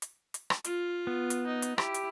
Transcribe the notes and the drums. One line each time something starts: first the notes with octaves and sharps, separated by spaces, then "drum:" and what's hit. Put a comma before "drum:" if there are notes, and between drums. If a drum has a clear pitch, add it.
drum: hi-hat
drum: hi-hat
drum: rim click
F4, drum: hi-hat
B3
drum: hi-hat
D#4
drum: hi-hat
E4 G4, drum: rim click
drum: hi-hat